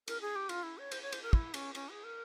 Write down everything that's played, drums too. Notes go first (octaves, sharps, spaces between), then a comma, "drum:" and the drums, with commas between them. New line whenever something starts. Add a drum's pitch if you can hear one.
A#4, drum: cymbal
G#4
G4
F4, drum: cymbal
E4
C#5
C5, drum: cymbal
C#5
C5, drum: cymbal
A#4
E4, drum: kick
C#4, drum: cymbal
C#4, drum: cymbal
G#4
A#4